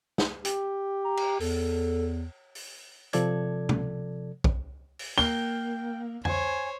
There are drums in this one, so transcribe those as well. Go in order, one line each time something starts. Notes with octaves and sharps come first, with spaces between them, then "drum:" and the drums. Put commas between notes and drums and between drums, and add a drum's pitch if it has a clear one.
drum: snare
G4, drum: hi-hat
A#5
drum: cymbal
E2 A4, drum: open hi-hat
drum: open hi-hat
C3 F3 A4 D5 G#6, drum: hi-hat
drum: tom
drum: kick
drum: open hi-hat
A#3 G5 G7, drum: tambourine
C5 C#5 G#5, drum: tom F2